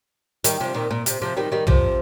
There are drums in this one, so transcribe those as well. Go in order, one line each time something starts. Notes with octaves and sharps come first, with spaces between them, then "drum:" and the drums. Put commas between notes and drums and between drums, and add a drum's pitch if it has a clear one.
D#3 G3, drum: hi-hat
C3 F3
A#2 D#3
A#2
C3, drum: hi-hat
C3 F3
D#3 G3
D#3 G3
C3 F3, drum: tom